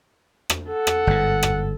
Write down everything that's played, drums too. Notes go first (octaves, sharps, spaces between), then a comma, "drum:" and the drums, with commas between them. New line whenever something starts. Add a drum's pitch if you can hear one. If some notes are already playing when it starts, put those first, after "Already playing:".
drum: rim click
A4 F#5
drum: rim click
G1 G#2
drum: rim click